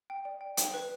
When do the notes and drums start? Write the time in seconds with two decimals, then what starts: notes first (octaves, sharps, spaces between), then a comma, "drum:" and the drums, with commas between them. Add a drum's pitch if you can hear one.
0.10 G5
0.25 D5
0.41 G5
0.57 G5, drum: hi-hat
0.74 B4